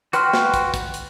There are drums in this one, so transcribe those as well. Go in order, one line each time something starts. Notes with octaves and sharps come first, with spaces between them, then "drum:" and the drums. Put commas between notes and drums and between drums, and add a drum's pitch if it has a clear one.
F#4 B4 G5 C6 F6, drum: hi-hat
drum: snare
drum: kick, hi-hat
drum: kick, hi-hat
drum: hi-hat